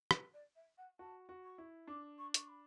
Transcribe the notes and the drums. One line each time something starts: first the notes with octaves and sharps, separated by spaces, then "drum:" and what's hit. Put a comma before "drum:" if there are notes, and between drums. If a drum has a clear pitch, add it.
B4, drum: rim click
D5
E5
F#5
F#4 A5
F#4
C#6
E4
D4 D6
C#6
C#6, drum: hi-hat
B5